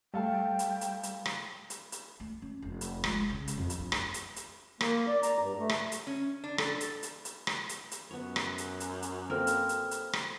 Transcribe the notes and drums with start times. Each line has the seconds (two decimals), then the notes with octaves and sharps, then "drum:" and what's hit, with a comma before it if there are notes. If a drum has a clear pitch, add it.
0.14 G3 A3 F5 G5 A5
0.59 drum: hi-hat
0.81 drum: hi-hat
1.03 drum: hi-hat
1.26 drum: rim click
1.70 drum: hi-hat
1.92 drum: hi-hat
2.20 A3
2.42 C#4
2.62 F1
2.81 drum: hi-hat
3.04 G#3, drum: rim click
3.30 C#3
3.48 drum: hi-hat
3.58 F2
3.70 drum: hi-hat
3.79 D4
3.92 drum: rim click
4.14 drum: hi-hat
4.36 drum: hi-hat
4.81 A#3, drum: rim click
5.08 D5
5.23 A#5, drum: hi-hat
5.39 G2
5.59 A3
5.69 drum: rim click
5.92 drum: hi-hat
6.07 C#4
6.44 D4
6.58 A4, drum: rim click
6.80 drum: hi-hat
7.03 drum: hi-hat
7.25 drum: hi-hat
7.47 drum: rim click
7.69 drum: hi-hat
7.91 drum: hi-hat
8.11 F#2 B3 C#5
8.36 drum: rim click
8.58 drum: hi-hat
8.80 drum: hi-hat
9.02 drum: hi-hat
9.30 A#3 C4 A4 A#4 F6
9.47 drum: hi-hat
9.69 drum: hi-hat
9.91 drum: hi-hat
10.13 drum: rim click